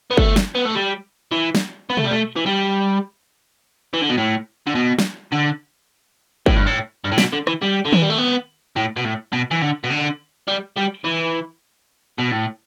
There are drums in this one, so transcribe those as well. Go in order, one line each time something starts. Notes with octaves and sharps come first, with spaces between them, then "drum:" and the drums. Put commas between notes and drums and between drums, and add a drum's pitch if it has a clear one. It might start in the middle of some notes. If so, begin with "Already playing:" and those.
B3
A3, drum: kick
drum: snare
B3
A3
G3
E3
drum: snare
B3
A3, drum: tom B2
G3
A3
E3
G3
E3
D3
B2
A2
D3
B2
drum: snare
D3
A2, drum: kick
G2
A2
G2
A2
B2, drum: snare
D3
E3, drum: rim click
G3
D3
E3, drum: tom D#3
G3
A3
B3
A2
B2
A2
B2
E3
D3
B2
D3
G3
G3
E3
B2
A2